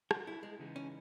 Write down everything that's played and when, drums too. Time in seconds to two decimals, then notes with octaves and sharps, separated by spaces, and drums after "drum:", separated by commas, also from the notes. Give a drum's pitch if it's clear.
0.11 F#4, drum: rim click
0.27 E4
0.43 G#3
0.59 C#3 E3 G#3 B3 D#4
0.76 C#4